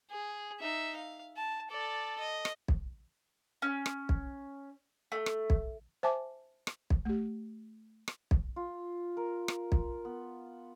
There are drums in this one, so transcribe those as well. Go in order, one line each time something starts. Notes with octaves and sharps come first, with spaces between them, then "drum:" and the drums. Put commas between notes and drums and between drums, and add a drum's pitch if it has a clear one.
G#4
D#4 E5
F5
A5
A4 D5
D#5
drum: rim click
drum: kick B1
C#4
drum: rim click
drum: kick B1
A3
drum: rim click
drum: kick B1
C5 E5 G#5 A5 D6
drum: rim click
drum: kick B1
A3 G4
drum: rim click
drum: kick B1
F4
A#4
drum: rim click
drum: kick B1
B3